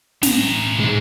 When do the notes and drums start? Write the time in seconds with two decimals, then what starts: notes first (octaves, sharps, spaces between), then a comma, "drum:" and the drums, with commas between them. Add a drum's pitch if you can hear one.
0.23 A2 A#5, drum: snare
0.80 G#2 G#3